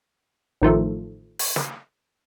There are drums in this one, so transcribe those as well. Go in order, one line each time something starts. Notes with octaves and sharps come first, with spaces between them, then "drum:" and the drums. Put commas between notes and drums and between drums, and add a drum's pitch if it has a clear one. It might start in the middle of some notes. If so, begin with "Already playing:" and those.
A1 D#3 F3 A3
drum: open hi-hat
drum: snare